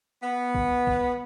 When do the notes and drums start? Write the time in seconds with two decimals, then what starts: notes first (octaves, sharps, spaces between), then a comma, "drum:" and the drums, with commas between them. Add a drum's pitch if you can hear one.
0.22 B3
0.55 drum: kick
0.87 drum: kick